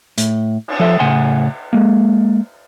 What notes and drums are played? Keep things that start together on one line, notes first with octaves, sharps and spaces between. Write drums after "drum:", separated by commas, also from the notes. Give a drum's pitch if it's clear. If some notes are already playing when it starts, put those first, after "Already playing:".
A2, drum: hi-hat
drum: cymbal
F3 A4 E5 C6
A2 C#3 F#5 G#5 C6
G#3 A#3